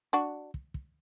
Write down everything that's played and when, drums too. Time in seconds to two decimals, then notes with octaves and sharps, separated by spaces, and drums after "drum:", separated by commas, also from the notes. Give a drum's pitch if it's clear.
0.13 D4 F#4
0.54 drum: kick
0.74 drum: kick